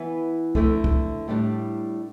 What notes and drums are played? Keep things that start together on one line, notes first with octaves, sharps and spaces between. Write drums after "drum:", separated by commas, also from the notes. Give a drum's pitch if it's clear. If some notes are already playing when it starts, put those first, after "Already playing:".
Already playing: E3 B3 E4 B4
D3 A3 C4 E4, drum: kick
drum: kick
A2 G3 D4